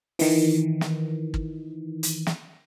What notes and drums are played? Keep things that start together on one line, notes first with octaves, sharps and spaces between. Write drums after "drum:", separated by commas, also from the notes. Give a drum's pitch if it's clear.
D#3 E3, drum: open hi-hat
drum: snare
drum: kick
drum: hi-hat
drum: snare